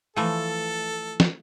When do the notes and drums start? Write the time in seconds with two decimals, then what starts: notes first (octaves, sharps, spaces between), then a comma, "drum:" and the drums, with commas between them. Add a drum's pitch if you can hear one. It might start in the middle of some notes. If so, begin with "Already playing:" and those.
0.16 E3 F3 A3 A4
1.20 drum: snare